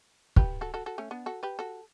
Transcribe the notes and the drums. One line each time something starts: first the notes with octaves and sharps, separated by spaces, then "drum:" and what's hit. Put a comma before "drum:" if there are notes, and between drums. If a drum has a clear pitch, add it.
G4 B4, drum: kick
F#4 A4
F#4 A4
F#4 A4
A3 C#4
B3 D4
F#4 A4
G4 B4
F#4 A4